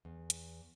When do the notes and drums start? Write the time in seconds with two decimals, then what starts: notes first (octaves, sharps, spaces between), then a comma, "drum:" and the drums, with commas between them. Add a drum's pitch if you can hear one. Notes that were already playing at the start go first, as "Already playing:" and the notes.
0.05 E2
0.30 drum: hi-hat